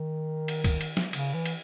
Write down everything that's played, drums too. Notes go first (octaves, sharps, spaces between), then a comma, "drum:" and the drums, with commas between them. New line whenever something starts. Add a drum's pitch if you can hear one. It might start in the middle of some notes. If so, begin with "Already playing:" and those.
Already playing: D#3
drum: cymbal
drum: kick, cymbal
drum: cymbal
drum: snare
C#3, drum: cymbal
E3
drum: cymbal